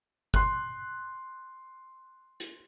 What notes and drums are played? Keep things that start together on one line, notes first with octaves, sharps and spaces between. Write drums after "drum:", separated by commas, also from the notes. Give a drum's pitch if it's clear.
C6 F#6, drum: kick G1
drum: hi-hat